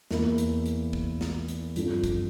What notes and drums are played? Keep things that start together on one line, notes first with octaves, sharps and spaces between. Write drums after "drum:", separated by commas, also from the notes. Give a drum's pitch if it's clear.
E2 E3 A#3 E4, drum: snare
drum: hi-hat
drum: hi-hat
drum: kick
drum: snare
drum: hi-hat
G2 F3 C4 F4 A4, drum: hi-hat
drum: kick, hi-hat